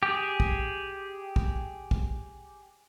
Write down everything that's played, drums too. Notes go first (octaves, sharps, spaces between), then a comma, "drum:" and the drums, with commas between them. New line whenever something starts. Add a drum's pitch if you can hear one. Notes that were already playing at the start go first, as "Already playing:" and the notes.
G4 G#4
drum: kick
drum: kick
drum: kick